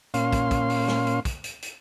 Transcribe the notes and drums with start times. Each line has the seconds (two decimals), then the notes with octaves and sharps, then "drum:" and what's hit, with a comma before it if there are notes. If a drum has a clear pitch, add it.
0.14 A#2 C#4 F5 C6, drum: hi-hat
0.32 drum: kick, hi-hat
0.51 drum: kick, hi-hat
0.70 drum: open hi-hat
0.88 drum: snare
1.07 drum: hi-hat
1.25 drum: kick, hi-hat
1.44 drum: hi-hat
1.62 drum: hi-hat